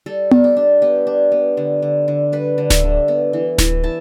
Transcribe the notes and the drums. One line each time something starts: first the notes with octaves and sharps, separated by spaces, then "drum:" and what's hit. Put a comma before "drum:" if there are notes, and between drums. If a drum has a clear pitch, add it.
G3 A4
G3, drum: tom B3
G4
D4
B3 G4
D4
B3
D3
D3
D3
G3 B4
D3
E5, drum: snare D1
D3
B3
E3
E3, drum: snare D1
E4 A5